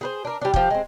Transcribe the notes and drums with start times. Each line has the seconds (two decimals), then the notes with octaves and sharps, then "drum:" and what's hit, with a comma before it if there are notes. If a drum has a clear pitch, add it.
0.01 G#4 B4 C5
0.25 D4 A#4
0.42 G3 D4
0.54 F3 G4, drum: kick
0.70 G#3 C4